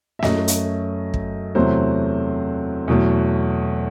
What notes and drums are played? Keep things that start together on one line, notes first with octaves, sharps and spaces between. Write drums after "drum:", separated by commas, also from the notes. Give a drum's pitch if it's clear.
E5
F#2 F#3 A3 D#5, drum: snare
drum: hi-hat
drum: kick
E2 C3 F#3 A3 C5
E2 B2 F#3 A3